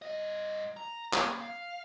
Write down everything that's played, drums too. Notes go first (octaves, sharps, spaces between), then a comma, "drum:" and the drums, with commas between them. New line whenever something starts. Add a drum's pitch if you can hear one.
G2 D#5
A#5
A#3 C#4, drum: clap
F5